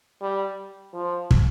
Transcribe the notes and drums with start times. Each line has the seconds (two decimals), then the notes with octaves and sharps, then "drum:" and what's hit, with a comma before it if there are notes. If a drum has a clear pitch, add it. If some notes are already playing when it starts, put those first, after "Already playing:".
0.21 G3
0.94 F3
1.31 drum: kick